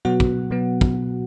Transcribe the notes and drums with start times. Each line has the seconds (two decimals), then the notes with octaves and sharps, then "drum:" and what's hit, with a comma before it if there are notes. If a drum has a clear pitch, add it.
0.05 B2 F#3 B3 F#4 F#5
0.20 drum: kick
0.50 B2 F#3 B3
0.81 drum: kick